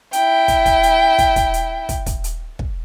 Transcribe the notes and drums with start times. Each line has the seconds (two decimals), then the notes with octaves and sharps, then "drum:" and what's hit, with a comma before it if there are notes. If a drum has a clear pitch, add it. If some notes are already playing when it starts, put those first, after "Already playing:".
0.13 E4 G5, drum: hi-hat
0.48 drum: kick, hi-hat
0.66 drum: kick, hi-hat
0.83 drum: hi-hat
1.18 drum: kick, hi-hat
1.36 drum: kick, hi-hat
1.54 drum: hi-hat
1.89 drum: kick, hi-hat
2.06 drum: kick, hi-hat
2.24 drum: hi-hat
2.59 drum: kick